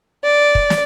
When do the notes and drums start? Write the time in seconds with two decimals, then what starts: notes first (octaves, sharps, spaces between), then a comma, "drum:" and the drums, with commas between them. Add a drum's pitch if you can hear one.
0.24 D5
0.55 drum: kick
0.70 drum: snare